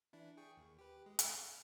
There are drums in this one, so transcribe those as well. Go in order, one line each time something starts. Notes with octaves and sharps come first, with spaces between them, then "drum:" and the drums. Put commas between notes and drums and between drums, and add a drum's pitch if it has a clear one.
E3 D4 E4
G#4 G5 C#6
D#2
G4 B4
G#3
F6, drum: hi-hat